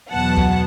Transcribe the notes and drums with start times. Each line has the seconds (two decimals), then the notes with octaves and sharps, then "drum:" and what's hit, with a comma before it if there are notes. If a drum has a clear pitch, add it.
0.12 E2 B2 F#3 B3 F#5 A5
0.38 drum: kick C#2